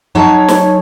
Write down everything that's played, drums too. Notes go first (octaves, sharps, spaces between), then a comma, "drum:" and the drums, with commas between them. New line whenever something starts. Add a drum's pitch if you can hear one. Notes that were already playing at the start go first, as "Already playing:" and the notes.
F#3 D#4 G#4 C#5 A5
drum: snare